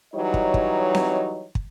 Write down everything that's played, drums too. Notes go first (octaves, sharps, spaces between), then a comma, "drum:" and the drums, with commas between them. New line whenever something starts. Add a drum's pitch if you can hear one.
E3 F#3 G3 D#4 C#5 D#5
drum: kick
drum: kick
drum: snare C4
drum: kick